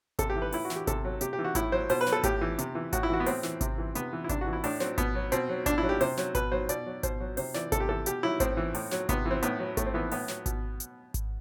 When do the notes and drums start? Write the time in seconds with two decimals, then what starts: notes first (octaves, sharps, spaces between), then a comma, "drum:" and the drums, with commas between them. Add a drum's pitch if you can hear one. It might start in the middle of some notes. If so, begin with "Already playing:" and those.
0.19 C3 A4, drum: kick G#1, hi-hat
0.30 G4
0.36 E3
0.42 B4
0.52 A2 E4, drum: open hi-hat
0.65 F#4
0.70 E3, drum: snare
0.76 G4
0.87 C3 A4, drum: kick G#1, hi-hat
1.05 F#3
1.21 C3 G4, drum: hi-hat
1.33 G4
1.39 E3
1.44 F#4
1.55 A2 E4, drum: kick G#1, hi-hat
1.72 F#3 C5
1.90 B2 C5, drum: open hi-hat
2.01 B4
2.07 F#3, drum: snare
2.12 A4
2.23 A2 G4, drum: kick G#1, hi-hat
2.41 E3
2.59 C3, drum: hi-hat
2.75 E3
2.93 A2 F#4, drum: kick G#1, hi-hat
3.03 E4
3.10 E3 F#4
3.20 B3
3.26 A2 C4, drum: open hi-hat
3.43 E3, drum: snare
3.61 C3, drum: kick G#1, hi-hat
3.78 E3
3.95 C3 B3, drum: hi-hat
4.13 E3
4.24 E4
4.29 C3 D4, drum: kick G#1, hi-hat
4.41 F#4
4.47 E3
4.53 E4
4.64 A2 D4, drum: open hi-hat
4.80 F#3 C4, drum: snare
4.98 B2 B3, drum: kick G#1, hi-hat
5.15 F#3
5.32 B2 C4, drum: hi-hat
5.49 F#3
5.66 B2 D4, drum: kick G#1, hi-hat
5.78 E4
5.83 F#3
5.89 G4
6.01 C3 C5, drum: open hi-hat
6.18 F#3, drum: snare
6.35 B2 B4, drum: kick G#1, hi-hat
6.52 F#3 C5
6.69 B2 D5, drum: hi-hat
6.86 F#3
7.03 B2 C5, drum: kick G#1, hi-hat
7.20 F#3
7.37 C3 C5, drum: open hi-hat
7.54 E3 D5, drum: snare
7.72 C3 A4, drum: kick G#1, hi-hat
7.80 G4
7.89 E3 A4
8.06 B2 G4, drum: hi-hat
8.23 F#3 E4
8.40 A2 C4, drum: kick G#1, hi-hat
8.57 E3
8.75 A2, drum: open hi-hat
8.91 F#3, drum: snare
9.09 C3 B3, drum: kick G#1, hi-hat
9.26 E3
9.31 C4
9.43 A2 B3, drum: hi-hat
9.60 F#3
9.77 A2 A3, drum: kick G#1, hi-hat
9.86 C4
9.94 E3 B3
10.11 A2 B3, drum: open hi-hat
10.28 F#3, drum: snare
10.46 B2, drum: kick G#1, hi-hat
10.80 drum: hi-hat
11.14 drum: kick G#1, hi-hat